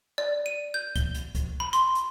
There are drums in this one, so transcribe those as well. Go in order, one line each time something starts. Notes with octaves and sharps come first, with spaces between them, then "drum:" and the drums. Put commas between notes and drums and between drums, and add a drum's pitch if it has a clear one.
D5
D#7
G6
G7, drum: kick C2, hi-hat
drum: hi-hat
drum: kick C2, hi-hat
B5
C6, drum: hi-hat
drum: hi-hat